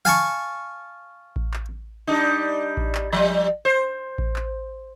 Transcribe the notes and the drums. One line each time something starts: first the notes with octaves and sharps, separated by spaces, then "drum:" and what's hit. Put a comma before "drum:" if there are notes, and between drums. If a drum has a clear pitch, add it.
F5 G#5 A5 C#6
drum: kick A1
drum: clap
G3 D4 D#4
drum: kick A1
drum: clap
F3 G3
C5
drum: kick A1
drum: clap